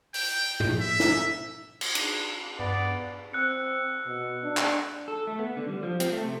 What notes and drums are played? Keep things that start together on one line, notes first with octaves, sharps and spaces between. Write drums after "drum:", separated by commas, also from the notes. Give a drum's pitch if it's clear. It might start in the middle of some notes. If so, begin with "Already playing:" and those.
G5, drum: open hi-hat
drum: tom G#2
E5
drum: snare
drum: cymbal
drum: cymbal
G2 B3 D5
C4 E6 F#6 C#7
B2
D4
drum: clap
A4
A3
B3
D3
G3
F3
C4, drum: hi-hat
A3
C3